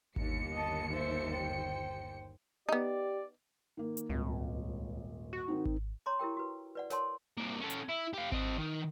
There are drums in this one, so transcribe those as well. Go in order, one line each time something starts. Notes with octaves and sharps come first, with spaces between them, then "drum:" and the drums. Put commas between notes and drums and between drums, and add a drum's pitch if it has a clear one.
G1 D#2 C#7, drum: kick G#1
D#5 A5
C5 E5
C5 G5
B3 D#4 G4 D5
D#3 A#3
drum: hi-hat
D#1 G#1 C#2
F#4
D#3 C4 D#4
drum: kick G#1
C#5 A#5 C6 D6
E4 G4 A#4 G5
F#4 B4
B4 D5 F#5
A#4 C#5 F#5 A5 C6, drum: snare
C2 A#3
C#4 A4
drum: hi-hat
E4
G4 F5
C4 D#5, drum: kick G#1
D#3 D#4